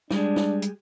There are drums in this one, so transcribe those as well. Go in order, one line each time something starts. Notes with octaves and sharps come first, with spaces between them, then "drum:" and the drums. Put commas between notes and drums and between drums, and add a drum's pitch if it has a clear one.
G3 G#3 D4, drum: snare
drum: snare
drum: hi-hat